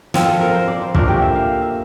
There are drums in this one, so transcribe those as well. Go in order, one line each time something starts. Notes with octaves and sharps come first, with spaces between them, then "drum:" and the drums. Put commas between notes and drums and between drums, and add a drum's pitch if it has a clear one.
F3 C4 F4, drum: snare
A4
A#4
C5
D5
C5
A#2 A3 D4 A#4, drum: kick
G4
E5
F5
E5